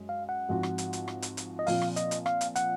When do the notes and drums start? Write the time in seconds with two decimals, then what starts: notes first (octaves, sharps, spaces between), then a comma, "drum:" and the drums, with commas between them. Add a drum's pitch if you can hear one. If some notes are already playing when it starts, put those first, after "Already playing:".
Already playing: F#2 G#3
0.09 F5
0.29 F#5
0.49 G#2 F3 C4 F#4
0.63 drum: rim click
0.78 drum: hi-hat
0.93 drum: hi-hat
1.08 drum: rim click
1.22 drum: hi-hat
1.37 drum: hi-hat
1.59 D#5
1.67 A#2 F3 C4 F5, drum: open hi-hat
1.82 drum: rim click
1.96 D#5, drum: hi-hat
2.11 drum: hi-hat
2.26 F5, drum: rim click
2.41 drum: hi-hat
2.56 F#5, drum: hi-hat